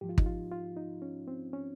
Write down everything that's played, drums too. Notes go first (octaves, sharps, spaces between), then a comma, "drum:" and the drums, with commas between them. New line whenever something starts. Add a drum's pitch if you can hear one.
G#2 F3 G4
F4
D#4, drum: kick
F4
F4
D#4
C#4
C4
C#4